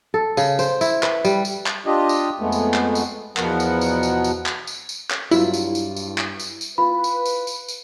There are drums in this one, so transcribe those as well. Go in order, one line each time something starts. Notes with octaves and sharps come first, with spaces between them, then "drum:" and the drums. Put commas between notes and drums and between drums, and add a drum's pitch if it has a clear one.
A4
C#3, drum: tambourine
C5, drum: tambourine
E4, drum: tambourine
B4, drum: clap
G3, drum: tambourine
drum: tambourine
drum: clap
D4 F4 G4 D#5
drum: tambourine
F2 G#3 A3 B3
drum: tambourine
drum: clap
drum: tambourine
E2 B2 F3 B3 A#4 F#5, drum: clap
drum: tambourine
drum: tambourine
drum: tambourine
drum: tambourine
drum: clap
drum: tambourine
drum: tambourine
drum: clap
G2 F#3 E4 F4, drum: tambourine
drum: tambourine
drum: tambourine
drum: tambourine
drum: clap
drum: tambourine
drum: tambourine
F4 B4 B5
drum: tambourine
drum: tambourine
drum: tambourine
drum: tambourine